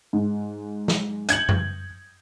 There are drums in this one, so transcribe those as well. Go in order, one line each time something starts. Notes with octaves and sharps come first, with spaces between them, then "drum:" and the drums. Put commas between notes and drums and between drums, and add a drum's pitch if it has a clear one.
G#2
drum: snare
G6 G#6 C#7 F#7, drum: hi-hat
drum: tom F#2